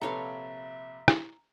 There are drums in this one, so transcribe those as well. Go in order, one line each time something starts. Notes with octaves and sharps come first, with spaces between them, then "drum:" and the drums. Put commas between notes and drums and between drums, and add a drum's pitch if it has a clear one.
A#1 C3 A4 B4 C#5 E5 F5 A#5
drum: rim click